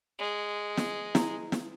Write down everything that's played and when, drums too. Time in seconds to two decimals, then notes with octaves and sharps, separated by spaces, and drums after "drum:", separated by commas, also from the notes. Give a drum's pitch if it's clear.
0.19 G#3
0.77 drum: snare
1.15 E4, drum: snare
1.52 drum: snare